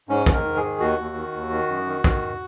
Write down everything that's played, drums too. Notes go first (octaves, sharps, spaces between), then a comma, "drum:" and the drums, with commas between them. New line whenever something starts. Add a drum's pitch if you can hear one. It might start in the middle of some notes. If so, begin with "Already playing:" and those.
G#2 C#4
D#3, drum: kick
A#4
G#2
G#4
D#3
D#2 F#4
D#2
D#3
D#2
D#3
F#2
D#3
D#3, drum: kick